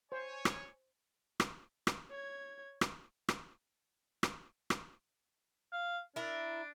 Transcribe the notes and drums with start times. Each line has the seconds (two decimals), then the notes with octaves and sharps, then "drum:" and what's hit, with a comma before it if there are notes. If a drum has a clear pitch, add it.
0.12 C5 C#5 G#5
0.45 drum: rim click
1.40 drum: rim click
1.87 drum: rim click
2.10 C#5 G#6
2.81 drum: rim click
3.29 drum: rim click
4.23 drum: rim click
4.70 drum: rim click
5.72 F5
6.16 D4 E4 A#4